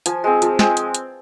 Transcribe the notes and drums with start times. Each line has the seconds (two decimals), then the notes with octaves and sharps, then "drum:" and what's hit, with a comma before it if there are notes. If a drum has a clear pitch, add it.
0.06 F3 G#5, drum: hi-hat
0.24 G#3 C4
0.42 F3, drum: hi-hat
0.59 G#3 C4, drum: snare
0.77 drum: hi-hat
0.94 drum: hi-hat